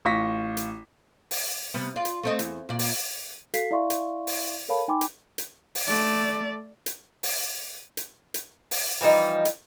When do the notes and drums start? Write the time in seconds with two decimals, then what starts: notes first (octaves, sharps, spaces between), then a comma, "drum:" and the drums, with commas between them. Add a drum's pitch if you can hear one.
0.05 A1 F4 C#6 A#6 B6
0.57 drum: hi-hat
1.31 drum: open hi-hat
1.74 C3 G3 B3
1.96 F4 D5
2.05 drum: hi-hat
2.23 A3 C4 D#5
2.39 E2, drum: hi-hat
2.69 A#2 D5
2.79 drum: open hi-hat
3.54 F#4 A4 F5 B6 C7, drum: hi-hat
3.71 E4 D5 E5 F5 C6 C#6
3.90 drum: hi-hat
4.27 drum: open hi-hat
4.68 A4 A#4 C#5 F5 A5 B5
4.88 D#4 G5 G#5 B5 C6 D6
5.01 drum: hi-hat
5.38 drum: hi-hat
5.75 drum: open hi-hat
5.88 A3 D5
6.86 drum: hi-hat
7.23 drum: open hi-hat
7.97 drum: hi-hat
8.34 drum: hi-hat
8.71 drum: open hi-hat
9.01 E3 F3 G3 D#4
9.45 drum: hi-hat